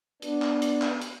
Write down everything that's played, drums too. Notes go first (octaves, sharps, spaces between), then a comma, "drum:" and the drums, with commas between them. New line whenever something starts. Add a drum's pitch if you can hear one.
B3 D4, drum: hi-hat
drum: clap
drum: hi-hat
drum: clap
drum: hi-hat